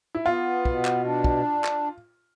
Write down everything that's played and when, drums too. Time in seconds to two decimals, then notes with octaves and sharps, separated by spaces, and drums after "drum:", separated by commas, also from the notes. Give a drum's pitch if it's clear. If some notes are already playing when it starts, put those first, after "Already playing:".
0.15 E4
0.25 B3 F4
0.65 B2, drum: kick
0.85 drum: clap
1.04 D4
1.24 drum: kick
1.64 drum: clap